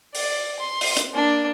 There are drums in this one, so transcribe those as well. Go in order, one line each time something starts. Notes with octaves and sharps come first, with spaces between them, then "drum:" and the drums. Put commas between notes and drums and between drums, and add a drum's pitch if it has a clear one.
D5, drum: open hi-hat
C6
drum: open hi-hat
drum: hi-hat
A#3 D4